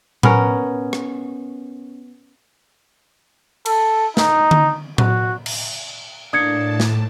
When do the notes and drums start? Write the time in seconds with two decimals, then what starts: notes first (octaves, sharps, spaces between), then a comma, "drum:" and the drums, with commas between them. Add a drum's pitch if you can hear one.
0.23 B3 C#4 A#4, drum: tom A2
0.93 drum: rim click
3.66 A4, drum: cymbal
4.17 D#4, drum: snare
4.51 drum: tom D3
4.98 F#4, drum: tom A2
5.46 drum: cymbal
6.33 A2 A#3 D4 A5 D#6 G#6 C#7
6.80 drum: snare